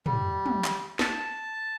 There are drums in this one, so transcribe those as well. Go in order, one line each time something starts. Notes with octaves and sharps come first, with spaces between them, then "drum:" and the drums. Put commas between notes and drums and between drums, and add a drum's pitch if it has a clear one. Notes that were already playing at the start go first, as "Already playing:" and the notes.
G3, drum: tom
drum: tom
drum: clap
A5, drum: snare